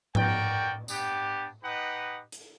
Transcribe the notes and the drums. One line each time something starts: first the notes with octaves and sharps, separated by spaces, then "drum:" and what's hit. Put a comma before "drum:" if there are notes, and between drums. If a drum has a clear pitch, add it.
F#4 A#4 D5 G5, drum: tom G#2
B3 D4 G4, drum: tambourine
D#4 G4 B4 D#5 F#5
drum: hi-hat